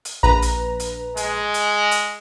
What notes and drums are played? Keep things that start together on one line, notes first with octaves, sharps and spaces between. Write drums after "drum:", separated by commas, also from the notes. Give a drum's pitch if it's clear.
drum: hi-hat
A#1 B4 A#5
drum: hi-hat
drum: hi-hat
G#3, drum: hi-hat
drum: hi-hat
drum: hi-hat